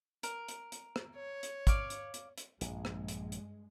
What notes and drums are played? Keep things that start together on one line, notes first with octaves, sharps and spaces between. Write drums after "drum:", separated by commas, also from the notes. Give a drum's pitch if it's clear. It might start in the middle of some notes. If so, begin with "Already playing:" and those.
A#4, drum: hi-hat
drum: hi-hat
drum: hi-hat
drum: rim click
C#5
drum: hi-hat
D5 F5 C#6, drum: kick, hi-hat
drum: hi-hat
drum: hi-hat
drum: hi-hat
A#1 G2 G#3, drum: hi-hat
drum: rim click
drum: hi-hat
drum: hi-hat